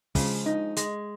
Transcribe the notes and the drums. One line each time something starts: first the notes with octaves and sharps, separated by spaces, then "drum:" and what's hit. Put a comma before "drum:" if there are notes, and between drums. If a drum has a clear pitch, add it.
C#3 F3 G#3, drum: kick, open hi-hat
D#4
G#3, drum: hi-hat